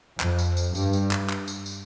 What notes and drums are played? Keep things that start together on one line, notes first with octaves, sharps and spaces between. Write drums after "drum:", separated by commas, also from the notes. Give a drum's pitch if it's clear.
F2, drum: clap
drum: tambourine
drum: tambourine
G2, drum: tambourine
drum: tambourine
drum: clap
drum: clap
drum: tambourine
drum: tambourine